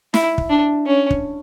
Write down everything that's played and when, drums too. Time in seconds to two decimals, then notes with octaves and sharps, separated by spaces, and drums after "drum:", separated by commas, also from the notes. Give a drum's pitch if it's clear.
0.14 E4, drum: snare
0.38 drum: kick
0.50 D4
0.86 C#4
1.10 drum: kick